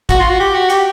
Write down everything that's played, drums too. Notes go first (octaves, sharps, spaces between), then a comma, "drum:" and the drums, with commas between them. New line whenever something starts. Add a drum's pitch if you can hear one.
F#4, drum: kick, hi-hat
F4
F#4
G4
F#4
G4, drum: hi-hat